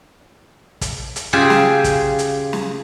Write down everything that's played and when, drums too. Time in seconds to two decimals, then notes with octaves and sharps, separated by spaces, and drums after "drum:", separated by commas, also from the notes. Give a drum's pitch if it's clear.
0.81 drum: kick, hi-hat
1.16 drum: hi-hat
1.33 C#3 F4 G4 G#4 E5 G#5
1.50 drum: snare
1.84 drum: kick, hi-hat
2.19 drum: hi-hat
2.53 drum: snare